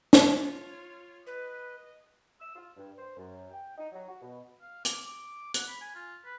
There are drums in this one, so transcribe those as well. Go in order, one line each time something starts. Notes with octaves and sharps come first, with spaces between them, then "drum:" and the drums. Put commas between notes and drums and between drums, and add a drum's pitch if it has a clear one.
drum: snare
F4 C#5
B4 D#5
E6
F4
G2
C5
F#2
G5
D#4
F#3
F#4
B2
F5
D6, drum: hi-hat
D6
F#5, drum: hi-hat
B5
G#5
F4
B4